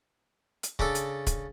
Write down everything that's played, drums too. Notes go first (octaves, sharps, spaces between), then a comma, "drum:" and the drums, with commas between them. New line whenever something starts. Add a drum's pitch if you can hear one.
drum: hi-hat
C#3 D4 A4, drum: kick
drum: hi-hat
drum: kick, hi-hat